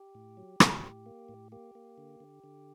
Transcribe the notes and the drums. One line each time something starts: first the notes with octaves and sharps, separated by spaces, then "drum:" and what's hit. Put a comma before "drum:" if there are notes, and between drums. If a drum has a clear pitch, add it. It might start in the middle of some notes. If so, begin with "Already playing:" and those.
Already playing: G4
A2
F#3
F#3, drum: rim click
A2
A#3
A2
A#3 G4
A#3
D3
D3
D3